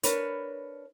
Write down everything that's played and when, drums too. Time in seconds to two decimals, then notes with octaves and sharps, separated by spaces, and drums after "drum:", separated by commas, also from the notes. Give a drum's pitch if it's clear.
0.03 D4 A#4 B4 C#5, drum: hi-hat